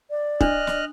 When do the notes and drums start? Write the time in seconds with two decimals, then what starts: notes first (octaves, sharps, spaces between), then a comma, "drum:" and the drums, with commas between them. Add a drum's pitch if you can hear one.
0.10 D5
0.41 D4 D#5 F6 F#6, drum: kick
0.67 drum: snare